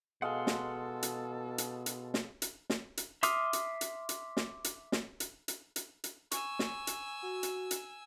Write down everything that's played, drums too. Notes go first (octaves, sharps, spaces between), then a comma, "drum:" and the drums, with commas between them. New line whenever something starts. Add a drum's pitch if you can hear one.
B2 G#3 A4 F5 F#5 C6
drum: snare
drum: hi-hat
drum: hi-hat
drum: hi-hat
drum: snare
drum: hi-hat
drum: snare
drum: hi-hat
E5 C6 D6 D#6 F6, drum: hi-hat
drum: hi-hat
drum: hi-hat
drum: hi-hat
drum: snare
drum: hi-hat
drum: snare
drum: hi-hat
drum: hi-hat
drum: hi-hat
drum: hi-hat
G#5 C#6 E6, drum: hi-hat
drum: snare
drum: hi-hat
F#4
drum: hi-hat
drum: hi-hat